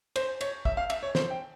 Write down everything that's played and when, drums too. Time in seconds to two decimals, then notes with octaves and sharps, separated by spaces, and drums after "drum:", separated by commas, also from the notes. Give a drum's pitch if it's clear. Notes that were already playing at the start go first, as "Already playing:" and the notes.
0.16 C5, drum: cymbal
0.41 C#5, drum: cymbal
0.65 E5, drum: kick
0.77 F5
0.90 E5, drum: cymbal
1.03 C#5
1.15 C5, drum: snare
1.30 G5